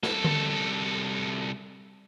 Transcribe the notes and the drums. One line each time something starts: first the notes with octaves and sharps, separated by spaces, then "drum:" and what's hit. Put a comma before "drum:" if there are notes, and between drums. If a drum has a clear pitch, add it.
C2 A4, drum: snare
drum: tom D3